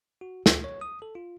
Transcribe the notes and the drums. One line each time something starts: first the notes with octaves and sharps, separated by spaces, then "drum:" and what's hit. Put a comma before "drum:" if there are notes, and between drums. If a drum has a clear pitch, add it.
F#4
D2, drum: snare
C#5
D#6
A4
F4